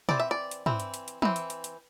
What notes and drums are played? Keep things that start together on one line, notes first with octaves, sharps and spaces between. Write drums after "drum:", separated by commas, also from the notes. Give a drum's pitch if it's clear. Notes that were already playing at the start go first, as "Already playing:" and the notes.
E3 C4 D5, drum: tom
E5
D5
drum: hi-hat
E3 C4, drum: tom
drum: hi-hat
drum: hi-hat
drum: hi-hat
E3 C4, drum: tom
drum: hi-hat
drum: hi-hat
drum: hi-hat